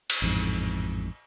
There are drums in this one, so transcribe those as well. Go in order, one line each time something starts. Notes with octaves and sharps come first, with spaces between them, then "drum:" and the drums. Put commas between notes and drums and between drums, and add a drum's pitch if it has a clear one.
drum: cymbal
A1 F2 G#2